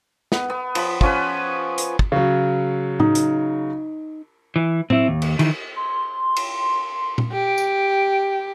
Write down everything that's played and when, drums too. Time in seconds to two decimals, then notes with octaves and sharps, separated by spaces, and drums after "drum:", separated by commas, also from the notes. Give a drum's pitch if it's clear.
0.32 B3, drum: snare
0.50 B3
0.75 F3 B5, drum: cymbal
1.01 F3 C#4 B4, drum: kick
1.78 drum: hi-hat
1.99 drum: kick
2.12 C#3 F#3
3.00 D#4, drum: tom A2
3.15 drum: hi-hat
4.56 E3
4.90 C4 E4, drum: tom A2
5.08 D#2
5.22 drum: cymbal
5.39 D#3 E3, drum: cymbal
5.76 C6
6.36 drum: cymbal
7.18 drum: tom A#2
7.33 G4 D7
7.58 drum: tambourine